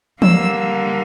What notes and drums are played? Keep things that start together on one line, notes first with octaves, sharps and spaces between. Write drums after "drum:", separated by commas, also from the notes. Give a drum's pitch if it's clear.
D3 G3 A#3 E6, drum: tom E3